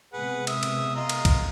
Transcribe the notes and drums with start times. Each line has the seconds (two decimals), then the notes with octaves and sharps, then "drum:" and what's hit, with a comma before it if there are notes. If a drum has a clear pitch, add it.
0.13 C3 G#3 B3 G#4 B4 F#5
0.47 E5 D#6, drum: cymbal
0.63 drum: cymbal
0.96 F4 D#5 A#5
1.09 drum: cymbal
1.25 drum: kick, cymbal